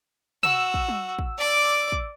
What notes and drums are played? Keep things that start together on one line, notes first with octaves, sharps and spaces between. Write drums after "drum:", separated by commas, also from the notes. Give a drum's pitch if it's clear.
F#4 E6, drum: tom
drum: kick
drum: tom
drum: kick
D5 D6
drum: kick